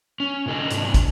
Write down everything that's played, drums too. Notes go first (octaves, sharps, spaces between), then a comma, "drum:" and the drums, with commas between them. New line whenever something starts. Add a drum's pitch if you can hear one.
C#4
A#2 D3 D#4 A4 D#5
G#2 C3 D4, drum: hi-hat
drum: kick, hi-hat